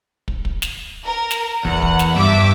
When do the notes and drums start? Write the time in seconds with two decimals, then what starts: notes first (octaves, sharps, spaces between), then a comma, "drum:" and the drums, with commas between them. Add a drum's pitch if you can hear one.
0.28 drum: kick
0.45 drum: kick
0.62 drum: snare
1.05 A#4
1.31 drum: snare
1.65 E2 F#5, drum: kick
1.82 drum: kick
1.99 drum: snare
2.16 G2 E5 D6